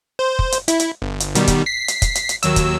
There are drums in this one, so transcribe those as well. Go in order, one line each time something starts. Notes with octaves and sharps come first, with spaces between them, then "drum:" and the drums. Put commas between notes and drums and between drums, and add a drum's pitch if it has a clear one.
C5
drum: kick
drum: hi-hat
E4, drum: hi-hat
drum: hi-hat
G1
drum: hi-hat
B2 D#3 G3, drum: hi-hat
drum: kick, hi-hat
B6 C7
drum: hi-hat
drum: kick, hi-hat
drum: hi-hat
drum: hi-hat
D#2 F#3 E6, drum: hi-hat
drum: kick, hi-hat